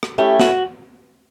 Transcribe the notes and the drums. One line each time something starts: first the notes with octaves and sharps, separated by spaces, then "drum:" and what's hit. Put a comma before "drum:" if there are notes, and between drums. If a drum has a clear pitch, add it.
drum: rim click
A3 C#4 E4 G4
F#4, drum: snare